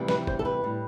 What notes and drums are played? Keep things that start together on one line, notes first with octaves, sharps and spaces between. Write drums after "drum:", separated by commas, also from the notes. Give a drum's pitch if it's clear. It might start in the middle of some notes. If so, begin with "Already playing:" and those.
Already playing: D2 C3 E3 G3
B4, drum: snare
C5, drum: kick
A4
B4
A2 G3